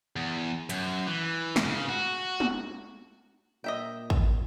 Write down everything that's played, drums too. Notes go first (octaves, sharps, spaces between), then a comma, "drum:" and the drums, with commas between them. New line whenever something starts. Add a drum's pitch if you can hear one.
E2
F#2, drum: hi-hat
E3
drum: snare
C#3
F#4
drum: tom
A#2 D#5 E5 G5
drum: kick